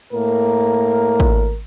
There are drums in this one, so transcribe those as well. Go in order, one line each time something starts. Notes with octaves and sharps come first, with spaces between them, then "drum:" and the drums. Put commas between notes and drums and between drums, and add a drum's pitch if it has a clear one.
A2 A#3 A#4
drum: kick